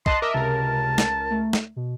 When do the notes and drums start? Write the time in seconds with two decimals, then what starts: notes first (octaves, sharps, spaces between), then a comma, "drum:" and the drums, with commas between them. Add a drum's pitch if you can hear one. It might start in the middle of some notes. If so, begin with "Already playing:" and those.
0.06 D#5 A5 C6 F#6, drum: kick
0.22 A#4 D#5 E5 D6
0.34 C#2 C3 A#4 A5
0.98 drum: snare
1.30 A3
1.53 drum: snare
1.76 B2